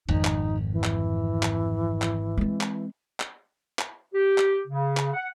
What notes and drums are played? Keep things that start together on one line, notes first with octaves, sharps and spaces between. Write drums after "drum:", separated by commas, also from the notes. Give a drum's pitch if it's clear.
G#1 F2 D#4
drum: clap
E3
drum: clap
drum: clap
drum: clap
G#3 C4
drum: clap
drum: clap
drum: clap
G4
drum: clap
C#3
drum: clap
F#5